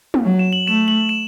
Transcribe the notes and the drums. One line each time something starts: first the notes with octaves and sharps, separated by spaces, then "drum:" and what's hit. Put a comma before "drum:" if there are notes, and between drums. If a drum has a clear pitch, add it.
drum: tom
F#3
E7
F#7
A3 E7
F#7
E7